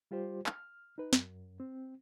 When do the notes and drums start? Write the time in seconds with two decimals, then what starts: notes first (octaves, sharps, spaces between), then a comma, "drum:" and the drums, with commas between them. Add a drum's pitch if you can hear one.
0.11 G3 F4 G4 C5
0.46 F6, drum: clap
0.98 D#4 B4
1.13 F#2, drum: snare
1.60 C4